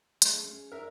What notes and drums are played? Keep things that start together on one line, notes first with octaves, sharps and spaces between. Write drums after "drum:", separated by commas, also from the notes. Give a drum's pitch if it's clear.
A3 D4 G#4, drum: hi-hat
C#4 G#4
A#4 C#5 D5 E5